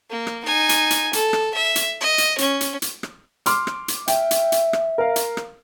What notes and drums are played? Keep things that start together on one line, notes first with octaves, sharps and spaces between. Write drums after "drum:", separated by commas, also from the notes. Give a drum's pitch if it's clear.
A#3
drum: rim click
D#4 G#5
drum: hi-hat
drum: hi-hat
A4, drum: hi-hat
drum: rim click
E5
drum: hi-hat
D#5
drum: hi-hat
C#4, drum: hi-hat
drum: hi-hat
drum: hi-hat
drum: rim click
C6 D6 F6, drum: hi-hat
drum: rim click
drum: hi-hat
E5 G5, drum: hi-hat
drum: hi-hat
drum: hi-hat
drum: rim click
A#4 F5
drum: hi-hat
drum: rim click